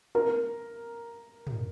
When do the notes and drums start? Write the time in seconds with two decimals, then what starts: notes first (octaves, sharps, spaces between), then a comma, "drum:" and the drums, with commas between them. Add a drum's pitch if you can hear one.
0.15 A#4, drum: tom
1.47 drum: tom